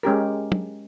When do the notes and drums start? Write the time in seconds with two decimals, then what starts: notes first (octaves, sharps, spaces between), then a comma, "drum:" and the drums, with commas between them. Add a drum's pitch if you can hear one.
0.03 G#3 C#4 G4 A#4
0.52 drum: tom